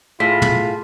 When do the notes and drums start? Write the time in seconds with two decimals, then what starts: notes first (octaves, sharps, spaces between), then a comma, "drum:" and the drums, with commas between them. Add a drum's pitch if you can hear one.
0.20 A2 F4 G#4 B6
0.42 drum: tom